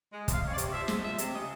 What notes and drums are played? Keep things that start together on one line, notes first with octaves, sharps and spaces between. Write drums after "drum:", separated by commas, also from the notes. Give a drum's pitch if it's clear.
G#3
C3, drum: kick, hi-hat
F5
C3 C#5
D5
C3, drum: hi-hat
F3 E5
G#3, drum: snare
F3 E5
C3, drum: hi-hat
C#3 D#5